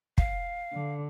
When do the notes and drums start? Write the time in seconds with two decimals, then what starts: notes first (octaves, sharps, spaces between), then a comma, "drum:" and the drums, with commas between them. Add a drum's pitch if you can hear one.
0.18 F5, drum: kick
0.73 D3